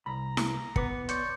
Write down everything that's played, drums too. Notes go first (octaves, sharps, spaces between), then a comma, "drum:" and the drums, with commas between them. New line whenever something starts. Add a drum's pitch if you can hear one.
C2 A#5 B5
drum: snare E4
B3 B4 D6 C#7, drum: kick
C#5 D5 C6 G6 C#7, drum: hi-hat